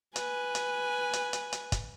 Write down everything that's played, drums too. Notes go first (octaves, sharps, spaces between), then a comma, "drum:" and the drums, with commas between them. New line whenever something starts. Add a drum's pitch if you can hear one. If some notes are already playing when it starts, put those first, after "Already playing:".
B4 G#5, drum: hi-hat
drum: hi-hat
drum: hi-hat
drum: hi-hat
drum: hi-hat
drum: kick, hi-hat